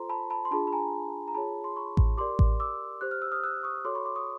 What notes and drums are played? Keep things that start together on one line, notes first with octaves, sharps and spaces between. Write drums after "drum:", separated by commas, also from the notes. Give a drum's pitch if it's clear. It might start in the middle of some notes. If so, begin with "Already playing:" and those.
Already playing: F4 A4 C5 A#5 C6
A5 B5
A5 B5
C6
D4 F4 G#4 A5 B5
B5
G#5 A#5
A#5
F4 G#4 C#5 A5 B5
C6
B5 C#6
drum: kick A1
G4 A#4 D5 C6 D6
drum: kick A1
D6 E6
G4 C5 F#6
F6
E6
D#6 F6
E6 F#6
C#6 D#6
F#4 A4 C#5 C6 D6
B5 C#6
C6 D6
C#6 D#6